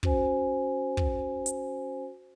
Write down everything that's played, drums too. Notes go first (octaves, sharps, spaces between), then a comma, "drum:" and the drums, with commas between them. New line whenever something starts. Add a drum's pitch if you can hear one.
C#4 F#4 C5 G#5, drum: kick
drum: kick
drum: hi-hat